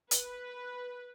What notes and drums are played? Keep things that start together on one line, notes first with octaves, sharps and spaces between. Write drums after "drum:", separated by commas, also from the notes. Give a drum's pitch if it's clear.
B4, drum: hi-hat